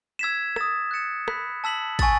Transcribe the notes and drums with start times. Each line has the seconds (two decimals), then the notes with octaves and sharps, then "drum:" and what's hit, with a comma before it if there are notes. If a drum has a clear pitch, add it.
0.19 E6 G#6 B6 E7
0.56 D#6 A6 E7, drum: rim click
0.91 F#6 A6 C#7 E7
1.28 B5 F#6 B6, drum: rim click
1.64 A5 E6 B6 F#7
1.99 G#5 C#6 E6 A6, drum: kick, cymbal